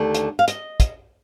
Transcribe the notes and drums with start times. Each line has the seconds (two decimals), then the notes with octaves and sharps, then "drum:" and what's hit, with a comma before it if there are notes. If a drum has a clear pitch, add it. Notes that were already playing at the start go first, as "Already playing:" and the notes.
Already playing: D#2 D3 A3 D5
0.15 drum: hi-hat
0.39 F5
0.48 D#5, drum: hi-hat
0.80 drum: kick, hi-hat